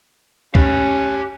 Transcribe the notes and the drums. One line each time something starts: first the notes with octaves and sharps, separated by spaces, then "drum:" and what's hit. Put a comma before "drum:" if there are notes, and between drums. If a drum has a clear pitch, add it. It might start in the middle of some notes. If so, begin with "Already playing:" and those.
C#4 G4 F5, drum: kick C#2